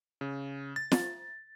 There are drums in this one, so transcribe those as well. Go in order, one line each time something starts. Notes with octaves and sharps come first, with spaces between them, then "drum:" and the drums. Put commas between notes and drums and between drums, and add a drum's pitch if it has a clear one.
C#3
A6
drum: snare